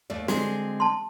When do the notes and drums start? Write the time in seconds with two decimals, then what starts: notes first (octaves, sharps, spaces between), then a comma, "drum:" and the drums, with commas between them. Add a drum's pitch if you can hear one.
0.10 D#2 A3 D5
0.28 D3 G#3 C4 F#4, drum: snare
0.80 A5 C6